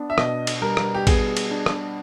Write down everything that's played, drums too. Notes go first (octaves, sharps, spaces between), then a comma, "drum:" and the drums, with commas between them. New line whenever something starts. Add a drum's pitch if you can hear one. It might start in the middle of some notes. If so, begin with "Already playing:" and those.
Already playing: B3 D4
E5
B2 D#5, drum: rim click
drum: cymbal
G3 A#4
drum: rim click
G4
B3 G#4, drum: kick A1, cymbal
drum: cymbal
D4
drum: rim click